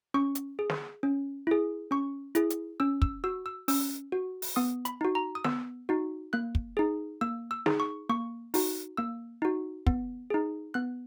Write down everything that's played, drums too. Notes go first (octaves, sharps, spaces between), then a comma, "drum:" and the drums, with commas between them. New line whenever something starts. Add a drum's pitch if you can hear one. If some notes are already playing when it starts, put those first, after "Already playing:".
C#4 C#6
drum: hi-hat
G#4
drum: snare
C#4
E4 G#4
C#4 C#6
E4 G#4, drum: hi-hat
drum: hi-hat
C#4 E6
E6, drum: kick
F#4 E6
E6
C#4 E6, drum: open hi-hat
F#4
drum: open hi-hat
B3 D#6
B5, drum: hi-hat
D#4 F#4
A#5
D#6
B3 E6, drum: snare
D#4 F#4
A#3 F#6
drum: kick
D#4 G#4
A#3 E6
E6
D#4 G#4, drum: snare
C#6
A#3 C#6
D#4 F#4, drum: open hi-hat
A#3 E6
D#4 F#4
B3, drum: kick
D#4 G#4
B3 F#6